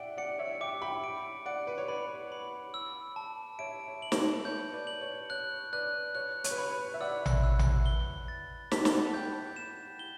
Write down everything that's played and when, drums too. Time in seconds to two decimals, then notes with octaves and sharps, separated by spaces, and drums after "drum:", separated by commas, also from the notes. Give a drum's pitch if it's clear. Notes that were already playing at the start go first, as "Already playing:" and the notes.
Already playing: D5 E5 F#5 G5 D7
0.18 D5 F#5 C#7
0.39 C#5 E5
0.60 E5 G5 D6
0.82 G5 B5
1.04 D7
1.46 D5 F#5 D7
1.67 B4
1.78 C#5
1.88 B4 D5 B5
2.32 B5
2.74 E6
3.16 A5
3.59 C#5 E5 D7
3.88 C#5
4.02 F#7
4.12 C#5, drum: snare
4.16 B4
4.45 C#5 G6
4.73 B4 D5
4.87 F#7
5.01 C#5
5.30 C#5 F#6
5.73 B4 D5 F#6
6.15 C#5 F#6
6.44 C#5, drum: hi-hat
6.51 B4
6.58 C#5 B5
6.94 E5
7.00 D5 F#5 E6
7.26 drum: tom A1
7.44 E6
7.59 drum: tom A1
7.86 G7
8.28 A6
8.71 A5 B6, drum: snare
8.85 B5, drum: snare
8.98 F#5 A5
9.14 G5 B5 G6
9.56 E7
9.99 G7